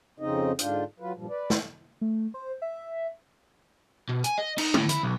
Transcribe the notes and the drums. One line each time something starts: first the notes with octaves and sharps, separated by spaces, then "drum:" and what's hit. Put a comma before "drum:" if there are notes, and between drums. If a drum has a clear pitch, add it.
F2 C#3 C4 D#4 D#5
G#2 D3 D4 F4 G5, drum: hi-hat
F#3 F4 B4
G2 A#2 F3 G3
B4 D5
drum: snare
A3
C5
E5
B2
G#5, drum: hi-hat
D#5
D#4, drum: cymbal
A2, drum: tom D3
E4, drum: hi-hat
B1